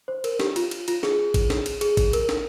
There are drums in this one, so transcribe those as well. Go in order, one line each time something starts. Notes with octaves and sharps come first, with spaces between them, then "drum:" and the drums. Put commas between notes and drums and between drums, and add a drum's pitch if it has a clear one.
C5
A#4, drum: cymbal
G4, drum: snare
F4, drum: cymbal
drum: cymbal
F4, drum: cymbal
G#4, drum: snare
drum: kick G#1, cymbal
drum: snare
drum: cymbal
G#4, drum: cymbal
drum: kick G#1, cymbal
A#4, drum: cymbal
drum: snare